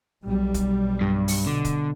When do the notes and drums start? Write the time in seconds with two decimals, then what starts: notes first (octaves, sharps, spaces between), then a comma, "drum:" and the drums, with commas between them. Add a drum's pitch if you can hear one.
0.24 B1 G3
0.54 drum: kick, hi-hat
1.01 G2
1.28 drum: open hi-hat
1.46 B2 D3
1.65 drum: kick, hi-hat